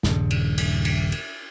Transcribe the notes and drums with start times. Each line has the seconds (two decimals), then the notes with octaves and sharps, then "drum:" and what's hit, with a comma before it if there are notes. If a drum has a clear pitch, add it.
0.03 D#1 G2 C#3, drum: snare
0.31 drum: cymbal
0.58 drum: cymbal
0.85 drum: cymbal
1.12 drum: cymbal